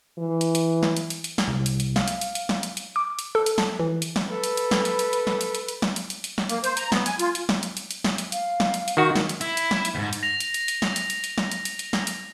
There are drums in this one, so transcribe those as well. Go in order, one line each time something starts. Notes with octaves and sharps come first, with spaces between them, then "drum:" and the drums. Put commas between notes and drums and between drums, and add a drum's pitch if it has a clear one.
E3
drum: hi-hat
drum: hi-hat
drum: snare
drum: hi-hat
drum: hi-hat
drum: hi-hat
drum: snare
C2
drum: hi-hat
drum: hi-hat
F5, drum: snare
drum: hi-hat
drum: hi-hat
drum: hi-hat
drum: snare
drum: hi-hat
drum: hi-hat
D6
drum: hi-hat
A4
drum: hi-hat
A5, drum: snare
E3
drum: hi-hat
drum: snare
A4 B4
drum: hi-hat
drum: hi-hat
drum: snare
drum: hi-hat
drum: hi-hat
drum: hi-hat
drum: snare
drum: hi-hat
drum: hi-hat
drum: hi-hat
drum: snare
drum: hi-hat
drum: hi-hat
drum: hi-hat
drum: snare
A#3, drum: hi-hat
C5, drum: hi-hat
A#5, drum: hi-hat
B3, drum: snare
G#5, drum: hi-hat
F4, drum: hi-hat
drum: hi-hat
drum: snare
drum: hi-hat
drum: hi-hat
drum: hi-hat
drum: snare
drum: hi-hat
F5, drum: hi-hat
drum: snare
drum: hi-hat
drum: hi-hat
D#3 F#4
drum: snare
drum: hi-hat
E4, drum: hi-hat
drum: hi-hat
drum: snare
drum: hi-hat
D#2 G#2
drum: hi-hat
A#6 F7
drum: hi-hat
drum: hi-hat
drum: hi-hat
drum: snare
drum: hi-hat
drum: hi-hat
drum: hi-hat
drum: snare
drum: hi-hat
drum: hi-hat
drum: hi-hat
drum: snare
drum: hi-hat